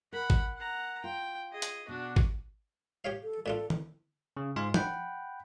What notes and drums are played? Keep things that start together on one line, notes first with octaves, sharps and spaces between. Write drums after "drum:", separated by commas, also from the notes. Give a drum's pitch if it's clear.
A#4 F#5 B5
drum: kick G#1
F#5 A#5
F4 G5
G#4 D#5
drum: hi-hat
B2 D4 F#4
drum: kick G#1
G4 C#5 F5
A4
A#2 D4 F4 A4
drum: tom
C#3
G#2 F4 F5 C6
F#5 G5 B5, drum: tom